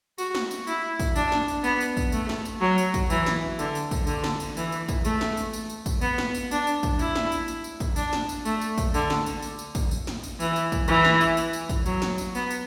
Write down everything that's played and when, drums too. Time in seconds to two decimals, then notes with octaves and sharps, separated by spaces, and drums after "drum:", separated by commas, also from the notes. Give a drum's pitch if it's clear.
0.18 F#4, drum: tambourine
0.35 drum: snare
0.51 drum: tambourine
0.67 E4, drum: tambourine
0.99 drum: kick, tambourine
1.16 D4, drum: tambourine
1.32 drum: snare
1.48 drum: tambourine
1.64 B3, drum: tambourine
1.81 drum: tambourine
1.97 drum: kick, tambourine
2.12 A3, drum: tambourine
2.29 drum: snare
2.45 drum: tambourine
2.61 F#3
2.78 drum: tambourine
2.94 drum: kick, tambourine
3.10 E3, drum: tambourine
3.26 drum: snare
3.59 D3, drum: tambourine
3.75 drum: tambourine
3.91 drum: kick, tambourine
4.07 D3, drum: tambourine
4.24 drum: snare
4.40 drum: tambourine
4.57 E3, drum: tambourine
4.72 drum: tambourine
4.89 drum: kick, tambourine
5.05 A3, drum: tambourine
5.21 drum: snare
5.37 drum: tambourine
5.53 drum: tambourine
5.70 drum: tambourine
5.86 drum: kick, tambourine
6.01 B3, drum: tambourine
6.18 drum: snare
6.34 drum: tambourine
6.51 D4, drum: tambourine
6.67 drum: tambourine
6.83 drum: kick, tambourine
6.99 E4, drum: tambourine
7.15 drum: snare
7.32 drum: tambourine
7.48 drum: tambourine
7.64 drum: tambourine
7.80 drum: kick, tambourine
7.96 D4, drum: tambourine
8.13 drum: snare
8.29 drum: tambourine
8.45 A3, drum: tambourine
8.61 drum: tambourine
8.78 drum: kick, tambourine
8.94 D3, drum: tambourine
9.10 drum: snare
9.26 drum: tambourine
9.42 drum: tambourine
9.59 drum: tambourine
9.75 drum: kick, tambourine
9.91 drum: tambourine
10.07 drum: snare
10.24 drum: tambourine
10.40 E3, drum: tambourine
10.56 drum: tambourine
10.72 drum: kick, tambourine
10.88 E3, drum: tambourine
11.05 drum: snare
11.21 drum: tambourine
11.37 drum: tambourine
11.53 drum: tambourine
11.69 drum: kick, tambourine
11.86 F#3, drum: tambourine
12.02 drum: snare
12.18 drum: tambourine
12.35 B3, drum: tambourine
12.50 drum: tambourine